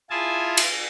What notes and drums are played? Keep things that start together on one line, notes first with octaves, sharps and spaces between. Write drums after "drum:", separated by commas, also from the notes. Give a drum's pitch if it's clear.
E4 F4 G#4 G#5 A5
drum: cymbal